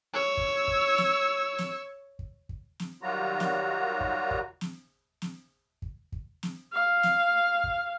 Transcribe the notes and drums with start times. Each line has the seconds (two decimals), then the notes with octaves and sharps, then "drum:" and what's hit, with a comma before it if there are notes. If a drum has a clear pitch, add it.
0.13 C#5 E6
0.37 drum: kick
0.68 drum: kick
0.98 drum: snare
1.58 drum: snare
2.19 drum: kick
2.49 drum: kick
2.79 drum: snare
3.02 D#3 F#3 G3 F4 F#4 A#5
3.40 drum: snare
4.01 drum: kick
4.31 drum: kick
4.61 drum: snare
5.22 drum: snare
5.82 drum: kick
6.12 drum: kick
6.43 drum: snare
6.73 F5
7.03 drum: snare
7.64 drum: kick